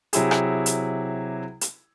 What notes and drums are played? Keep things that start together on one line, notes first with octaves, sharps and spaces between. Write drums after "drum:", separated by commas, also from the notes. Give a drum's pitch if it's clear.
C3 F#3 E4 G4 G#4, drum: hi-hat
drum: rim click
drum: hi-hat
drum: hi-hat